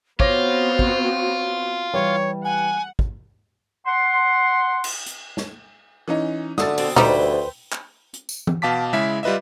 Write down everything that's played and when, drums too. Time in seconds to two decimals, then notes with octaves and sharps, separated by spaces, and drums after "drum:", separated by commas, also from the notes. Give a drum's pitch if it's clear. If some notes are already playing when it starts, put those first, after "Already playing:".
0.20 B3 C4 F4 F#4 C5 C#5 D6 A#6, drum: kick
0.79 drum: kick
1.94 E3 G3 G4 C#5
2.45 F#5 G#5
2.99 drum: kick
3.86 F#5 C6
4.84 drum: cymbal
5.06 drum: hi-hat
5.37 drum: snare
6.08 E3 C#4 D#4
6.58 F#2 D3 A3 D#6 E6 A6, drum: snare
6.78 B2 C4, drum: open hi-hat
6.96 D2 G3 D#4 B4 C5 G5, drum: tom A#2
7.72 drum: clap
8.14 drum: hi-hat
8.29 drum: tambourine
8.47 drum: tom E3
8.62 B2 F5 A5 D6 B6
8.93 C#3 G#3 E4 E5 B6
9.23 G3 F4 B4 D#5 E5